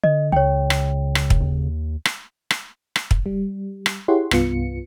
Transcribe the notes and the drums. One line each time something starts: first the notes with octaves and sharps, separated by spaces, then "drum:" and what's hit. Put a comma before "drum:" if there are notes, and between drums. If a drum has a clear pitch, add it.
D3 D#5
C#2 C#3 C#5 G5
drum: rim click
drum: rim click
drum: kick
D#2
drum: rim click
drum: rim click
drum: rim click
drum: kick
G3
drum: rim click
E4 G4 G#4 C#5 F#5 C6
C2 G2 B3 F4 C#7, drum: rim click